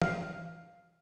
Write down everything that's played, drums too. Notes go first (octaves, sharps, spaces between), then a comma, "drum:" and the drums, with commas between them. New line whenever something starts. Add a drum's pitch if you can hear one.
F5, drum: tom